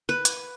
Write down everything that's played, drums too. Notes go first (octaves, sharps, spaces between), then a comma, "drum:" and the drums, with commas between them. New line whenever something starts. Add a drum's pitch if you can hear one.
B4
drum: hi-hat